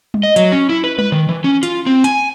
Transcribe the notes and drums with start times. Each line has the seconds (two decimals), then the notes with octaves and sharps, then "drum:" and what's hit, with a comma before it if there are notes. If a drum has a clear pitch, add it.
0.14 drum: tom G3
0.23 D#5
0.36 F#3, drum: hi-hat
0.52 C#4
0.69 E4
0.84 B4
0.99 B4, drum: tom G3
1.12 D#3
1.29 E3
1.44 C#4
1.63 F4, drum: hi-hat
1.86 C4
2.04 G#5, drum: hi-hat